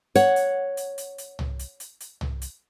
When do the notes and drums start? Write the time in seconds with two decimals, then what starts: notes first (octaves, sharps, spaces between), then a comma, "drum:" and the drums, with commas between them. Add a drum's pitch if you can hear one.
0.15 C#5 F#5, drum: hi-hat
0.36 drum: hi-hat
0.77 drum: hi-hat
0.98 drum: hi-hat
1.18 drum: hi-hat
1.39 drum: tom
1.59 drum: hi-hat
1.80 drum: hi-hat
2.00 drum: hi-hat
2.21 drum: tom
2.42 drum: hi-hat